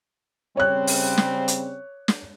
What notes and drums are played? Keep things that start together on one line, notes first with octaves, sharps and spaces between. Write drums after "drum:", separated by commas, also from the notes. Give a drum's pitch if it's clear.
C#3 G3 C4 C#5 F#6
drum: open hi-hat
drum: snare
drum: hi-hat
drum: snare